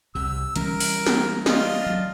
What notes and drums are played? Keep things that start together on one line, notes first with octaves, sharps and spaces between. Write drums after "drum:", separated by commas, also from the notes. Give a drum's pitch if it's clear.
C2 C3 E6
E3 G3 C#4 A#4, drum: hi-hat
drum: open hi-hat
drum: snare
D4 F4 D#5, drum: snare
F#3